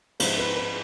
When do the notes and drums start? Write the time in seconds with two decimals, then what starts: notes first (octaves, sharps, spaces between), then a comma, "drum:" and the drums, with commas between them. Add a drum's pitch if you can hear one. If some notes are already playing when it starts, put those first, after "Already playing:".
0.20 G#2 F3 G#3 B3 E4 C5, drum: cymbal
0.39 B4
0.57 B4